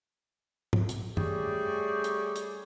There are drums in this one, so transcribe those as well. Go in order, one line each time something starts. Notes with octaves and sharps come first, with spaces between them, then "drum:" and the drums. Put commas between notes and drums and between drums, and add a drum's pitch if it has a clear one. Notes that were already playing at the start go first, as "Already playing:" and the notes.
drum: tom
drum: hi-hat
G3 A3 C#4 G#4 D5, drum: tom F#2
drum: hi-hat
drum: hi-hat